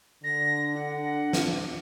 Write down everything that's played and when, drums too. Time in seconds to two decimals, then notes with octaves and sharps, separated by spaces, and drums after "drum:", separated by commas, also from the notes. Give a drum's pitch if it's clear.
0.24 D3 A#6
0.75 D4 F#5
1.33 drum: snare